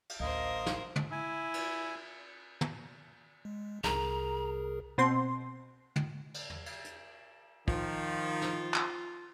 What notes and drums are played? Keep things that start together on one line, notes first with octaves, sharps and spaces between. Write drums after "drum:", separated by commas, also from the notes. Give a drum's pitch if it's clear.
drum: cymbal
A1 D2 A#4 C5 D#5 F5
drum: snare
drum: tom
E4 G#5
drum: cymbal
drum: tom
G#3
C2 G#4 A#4 A#5, drum: snare
B2 C4 C6
drum: tom
drum: cymbal
drum: tom
drum: cymbal
drum: hi-hat
D#3 F3 F4, drum: kick
drum: snare
drum: clap